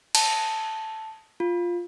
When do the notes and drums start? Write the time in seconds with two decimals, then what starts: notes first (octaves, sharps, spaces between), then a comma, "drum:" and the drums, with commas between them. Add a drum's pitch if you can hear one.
0.15 A5, drum: cymbal
1.40 F4